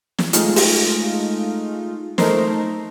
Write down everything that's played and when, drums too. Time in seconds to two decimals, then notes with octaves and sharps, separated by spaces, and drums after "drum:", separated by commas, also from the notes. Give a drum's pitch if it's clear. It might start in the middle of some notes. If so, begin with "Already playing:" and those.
0.19 drum: snare
0.33 G#3 A3 D#4 F4, drum: hi-hat
0.56 drum: open hi-hat
2.18 A3 D#4 A#4 C5, drum: snare